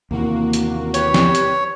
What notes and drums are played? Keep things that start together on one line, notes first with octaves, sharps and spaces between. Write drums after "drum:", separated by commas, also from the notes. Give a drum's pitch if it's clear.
D#2 C3 E3 A#3 F#4
drum: hi-hat
G4 B4 C#5, drum: hi-hat
drum: snare
drum: hi-hat